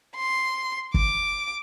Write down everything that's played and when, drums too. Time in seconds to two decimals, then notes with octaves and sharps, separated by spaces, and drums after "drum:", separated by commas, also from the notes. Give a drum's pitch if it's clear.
0.16 C6
0.94 D6, drum: kick